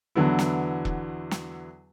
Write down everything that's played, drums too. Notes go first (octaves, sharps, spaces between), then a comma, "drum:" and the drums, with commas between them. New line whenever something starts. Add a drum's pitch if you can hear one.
E2 D3 F#3 B3 E4
drum: snare
drum: kick E1
drum: snare